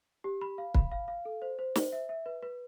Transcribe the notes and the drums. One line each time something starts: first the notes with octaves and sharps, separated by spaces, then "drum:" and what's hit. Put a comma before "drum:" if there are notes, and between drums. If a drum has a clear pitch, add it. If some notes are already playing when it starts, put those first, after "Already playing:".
G4
B5
F5
B5, drum: kick
F5
F5
A4
C5
C5
C5, drum: snare
E5
E5
B4
B4